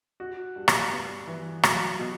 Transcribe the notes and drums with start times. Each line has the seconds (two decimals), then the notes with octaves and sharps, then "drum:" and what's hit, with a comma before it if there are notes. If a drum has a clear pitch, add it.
0.20 F#4
0.56 G2
0.68 drum: rim click
0.92 B3
1.27 E3
1.63 F#3, drum: rim click
1.99 B2